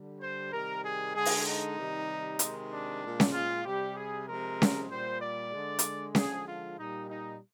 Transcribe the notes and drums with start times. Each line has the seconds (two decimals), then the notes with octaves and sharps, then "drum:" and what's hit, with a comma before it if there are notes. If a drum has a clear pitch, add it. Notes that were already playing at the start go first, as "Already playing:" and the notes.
Already playing: D3 G3
0.21 C5
0.52 C3 D#3 G3 A#4
0.83 G#4
1.15 D3 G#3 G#4
1.25 drum: open hi-hat
1.45 D#4
1.77 C3 D#3 G3
2.39 C3 D#3 G#3, drum: hi-hat
2.71 D4
3.02 A#2 G#3
3.20 drum: snare C#4
3.33 F4
3.64 C3 G3 G4
3.96 G#4
4.27 C3 F3 G#3 A#4
4.62 drum: snare C#4
4.90 A#2 G3 C5
5.21 D5
5.52 D3 G#3
5.79 drum: hi-hat
6.15 D3 F3 G#3 G#4, drum: snare C#4
6.46 F4
6.78 A#2 G3 D#4
7.09 D#4